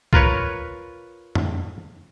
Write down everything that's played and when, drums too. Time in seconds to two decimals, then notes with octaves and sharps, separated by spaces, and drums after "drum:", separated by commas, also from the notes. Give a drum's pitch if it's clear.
0.13 F4 A#4 B4 C#5, drum: kick
1.35 drum: tom